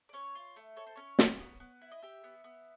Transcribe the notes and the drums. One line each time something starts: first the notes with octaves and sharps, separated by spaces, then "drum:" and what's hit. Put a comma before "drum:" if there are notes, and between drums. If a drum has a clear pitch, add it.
D5
C#4 C#5
F4
A3
A4 C#5
C5
C#4 C#5
F4, drum: snare
B3
B3
E4
D#5
G4 E5
B3
B3